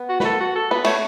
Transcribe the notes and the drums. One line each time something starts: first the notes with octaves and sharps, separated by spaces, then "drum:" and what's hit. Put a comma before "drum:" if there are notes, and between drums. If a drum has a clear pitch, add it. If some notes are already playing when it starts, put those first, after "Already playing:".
Already playing: B3
F#4
B4, drum: snare
A4
F#4
A4
B3 B4
A3 C#5, drum: cymbal